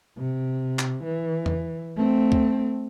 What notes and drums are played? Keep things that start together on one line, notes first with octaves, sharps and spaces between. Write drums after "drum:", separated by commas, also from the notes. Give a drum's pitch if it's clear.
C3
drum: clap
E3
drum: tom E2
A3 C4
drum: kick